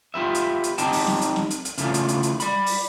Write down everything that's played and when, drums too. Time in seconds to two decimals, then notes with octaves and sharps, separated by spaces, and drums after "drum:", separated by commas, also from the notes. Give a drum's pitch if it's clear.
0.14 F4 G4 B4 E5
0.35 drum: hi-hat
0.64 drum: hi-hat
0.78 C4 D#4 G4 D#5 G5 A5, drum: hi-hat
0.93 drum: open hi-hat
1.07 drum: snare
1.21 drum: hi-hat
1.36 drum: snare
1.50 drum: hi-hat
1.65 drum: hi-hat
1.78 C#3 E3 A3 F4, drum: hi-hat
1.94 drum: hi-hat
2.08 drum: hi-hat
2.23 drum: hi-hat
2.40 D5 B5, drum: hi-hat
2.66 drum: open hi-hat